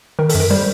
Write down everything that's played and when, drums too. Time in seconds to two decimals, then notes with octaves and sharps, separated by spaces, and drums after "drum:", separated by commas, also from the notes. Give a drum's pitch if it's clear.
0.19 D#3 A#4
0.30 A4, drum: open hi-hat
0.35 F#2
0.40 A#4
0.50 G3 C5